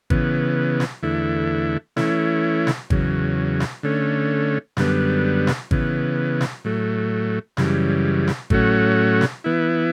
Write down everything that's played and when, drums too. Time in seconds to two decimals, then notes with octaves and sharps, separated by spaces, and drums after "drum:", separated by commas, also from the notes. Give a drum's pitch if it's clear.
0.10 C#3 E3 B3, drum: kick G#1
0.80 drum: snare
1.03 E2 D3 A3 E4
1.97 E3 A3 C#4 E4, drum: snare
2.67 drum: snare
2.90 E2 C#3 F#3, drum: kick G#1
3.60 drum: snare
3.83 D3 A3 C#4
4.77 F#2 D3 G3 B3, drum: snare
5.47 drum: snare
5.71 C#3 E3 B3, drum: kick G#1
6.41 drum: snare
6.65 A2 F#3 A3
7.57 F#2 C#3 E3 G3, drum: snare
8.27 drum: snare
8.50 A2 F#3 A3 C#4 F#4, drum: kick G#1
9.21 drum: snare
9.44 E3 B3 E4